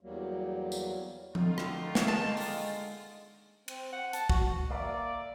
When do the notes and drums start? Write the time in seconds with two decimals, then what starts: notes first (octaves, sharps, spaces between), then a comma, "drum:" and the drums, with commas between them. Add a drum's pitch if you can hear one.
0.01 E2 F#3 G3 A#3
0.72 drum: tambourine
1.35 D3 D#3 F4, drum: tom F3
1.58 drum: rim click
1.95 drum: snare
2.08 G#3 A5
2.37 drum: open hi-hat
3.68 C4, drum: cymbal
3.93 F#5
4.13 A5, drum: hi-hat
4.30 F#4, drum: kick
4.70 A#3 D5 E5 F5